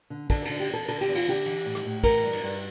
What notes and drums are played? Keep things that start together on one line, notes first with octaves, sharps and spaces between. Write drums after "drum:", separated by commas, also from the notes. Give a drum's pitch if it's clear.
D3
D3 A4, drum: kick, cymbal
D3 A4, drum: cymbal
G4, drum: cymbal
E2 A4
D3 A4, drum: cymbal
G4, drum: cymbal
E2
F4, drum: cymbal
D3 G4
E3, drum: cymbal
A2
drum: rim click
A2
E3 A#4, drum: kick, cymbal
G2
drum: cymbal
G2